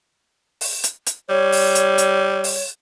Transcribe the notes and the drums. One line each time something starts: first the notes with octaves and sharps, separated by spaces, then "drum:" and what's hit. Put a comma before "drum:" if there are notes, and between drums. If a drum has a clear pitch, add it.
drum: open hi-hat
drum: hi-hat
drum: hi-hat
G3 C#5
drum: open hi-hat
drum: hi-hat
drum: hi-hat
drum: open hi-hat